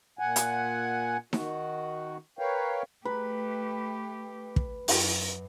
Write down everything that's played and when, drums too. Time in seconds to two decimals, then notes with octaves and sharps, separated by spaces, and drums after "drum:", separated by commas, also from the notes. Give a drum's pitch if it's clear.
0.19 A#2 F#5 G#5
0.36 drum: hi-hat
1.33 D#3 F#4, drum: snare D#4
2.39 A#4 B4 C#5 F5 G5
3.05 A3 G4 B4
4.56 drum: kick
4.88 F#2, drum: open hi-hat